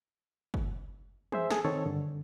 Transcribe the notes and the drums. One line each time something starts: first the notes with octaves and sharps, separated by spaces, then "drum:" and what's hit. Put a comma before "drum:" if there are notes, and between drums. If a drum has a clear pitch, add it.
drum: kick
G#4 C5 E5, drum: tom E3
G#4 A4, drum: snare
D#3 C4 A4 C#5
G2 D3